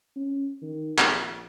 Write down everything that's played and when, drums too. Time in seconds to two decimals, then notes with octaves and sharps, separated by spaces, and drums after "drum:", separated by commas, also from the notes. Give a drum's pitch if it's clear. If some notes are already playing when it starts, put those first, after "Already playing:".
0.16 C#4
0.62 D#3
0.98 A#1, drum: clap